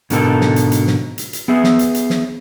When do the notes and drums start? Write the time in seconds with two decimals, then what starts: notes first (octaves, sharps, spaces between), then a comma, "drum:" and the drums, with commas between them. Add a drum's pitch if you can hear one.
0.10 G#2 B2 D3 D#4 A4 A#4, drum: hi-hat
0.41 drum: snare
0.56 drum: hi-hat
0.72 drum: hi-hat
0.87 drum: snare
1.18 drum: hi-hat
1.33 drum: hi-hat
1.48 B3 G#4 E5
1.64 drum: snare
1.79 drum: hi-hat
1.94 drum: hi-hat
2.10 drum: snare